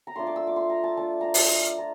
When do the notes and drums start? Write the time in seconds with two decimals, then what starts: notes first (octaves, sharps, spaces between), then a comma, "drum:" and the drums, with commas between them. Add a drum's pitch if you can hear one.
0.07 A#5
0.16 A3 D4 F4 C6
0.27 D6
0.36 E6
0.47 D6
0.56 C6
0.70 A#5
0.84 A5
0.97 A3 D4 F4 A5
1.21 A5 A#5
1.34 drum: open hi-hat
1.78 F4 A#5